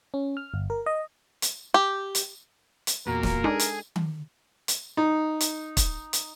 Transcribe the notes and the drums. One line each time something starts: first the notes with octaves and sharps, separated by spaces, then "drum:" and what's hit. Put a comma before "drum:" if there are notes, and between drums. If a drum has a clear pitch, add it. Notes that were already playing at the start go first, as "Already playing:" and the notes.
C#4
F6
G1
A#4
D#5
drum: hi-hat
G4
drum: hi-hat
drum: hi-hat
E2 A#2 F#4 A#4 A#5
drum: snare
G#3 D4 D#4 G#4 A4
drum: hi-hat
drum: tom D#3
drum: hi-hat
D#4
drum: hi-hat
drum: kick, hi-hat
drum: hi-hat